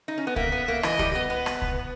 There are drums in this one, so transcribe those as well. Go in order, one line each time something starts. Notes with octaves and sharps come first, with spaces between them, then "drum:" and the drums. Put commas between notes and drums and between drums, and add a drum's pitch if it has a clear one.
D#4
C#4
B3
A#3 E5, drum: kick C2
B3
A#3
E3 D#5, drum: rim click
G3, drum: kick C2
B3
B3 B4
drum: rim click
drum: kick C2